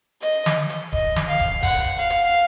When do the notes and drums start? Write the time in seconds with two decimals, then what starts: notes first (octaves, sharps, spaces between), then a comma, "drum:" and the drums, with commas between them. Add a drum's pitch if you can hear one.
0.22 D#5, drum: hi-hat
0.46 drum: snare
0.69 drum: hi-hat
0.93 D#5, drum: kick
1.16 drum: snare
1.28 F5
1.40 drum: kick
1.63 F#5, drum: kick, open hi-hat
1.98 F5
2.10 drum: hi-hat